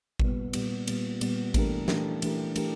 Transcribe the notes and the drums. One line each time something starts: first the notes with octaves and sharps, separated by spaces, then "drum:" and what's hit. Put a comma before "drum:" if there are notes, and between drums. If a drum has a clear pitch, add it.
A#2 G3 B3, drum: kick G#1
A#2 G3 B3, drum: cymbal
A#2 G3 B3, drum: cymbal
A#2 G3 B3, drum: cymbal
E3 A3 D4 G4 A#4, drum: kick G#1, cymbal
E3 A3 D4 G4 A#4, drum: snare
E3 A3 D4 G4 A#4, drum: cymbal
E3 A3 D4 G4 A#4, drum: cymbal